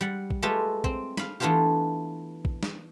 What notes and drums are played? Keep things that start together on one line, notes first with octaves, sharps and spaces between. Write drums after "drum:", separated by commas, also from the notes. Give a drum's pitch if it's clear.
G3 F#5
drum: kick
G#3 A3 F4 G4 B4 E5
C4, drum: kick
F5 B5, drum: snare
E3 A3 B3 D4 F4 G4
drum: kick
drum: snare